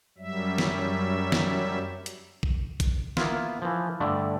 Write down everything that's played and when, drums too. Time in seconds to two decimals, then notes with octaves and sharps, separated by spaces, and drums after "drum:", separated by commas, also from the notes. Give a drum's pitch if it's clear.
0.18 F#2 F#3 G3 E5
0.58 drum: snare
1.32 drum: snare
2.06 drum: hi-hat
2.43 drum: kick
2.80 drum: kick, hi-hat
3.17 A#3 B3 E4 F4, drum: snare
3.62 E3 F3
4.00 G2 D3 A3 D5